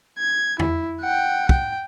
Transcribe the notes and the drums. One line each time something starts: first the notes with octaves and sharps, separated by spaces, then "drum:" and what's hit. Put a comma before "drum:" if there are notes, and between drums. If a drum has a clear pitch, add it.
G#6
E4, drum: tom E2
F#5 G5
G5, drum: kick